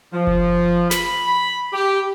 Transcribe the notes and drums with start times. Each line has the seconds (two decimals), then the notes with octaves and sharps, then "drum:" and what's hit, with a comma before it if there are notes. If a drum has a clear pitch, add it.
0.14 F3
0.27 drum: kick F#1
0.91 B5, drum: snare
1.73 G4